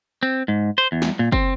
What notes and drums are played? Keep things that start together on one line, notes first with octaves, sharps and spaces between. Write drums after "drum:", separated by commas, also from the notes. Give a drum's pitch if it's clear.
C4
G#2
C5
E2
drum: snare
A#2
C4, drum: kick F#1